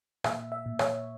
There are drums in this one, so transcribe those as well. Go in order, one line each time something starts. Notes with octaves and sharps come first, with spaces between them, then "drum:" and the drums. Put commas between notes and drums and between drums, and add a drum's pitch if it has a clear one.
A#2 E5, drum: rim click
E5
A#2
C#5, drum: rim click